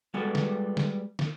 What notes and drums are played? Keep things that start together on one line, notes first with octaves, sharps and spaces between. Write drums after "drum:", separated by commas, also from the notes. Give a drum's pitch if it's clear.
G3 G#3 B3 F#4 A4 B4
drum: snare
drum: snare
drum: snare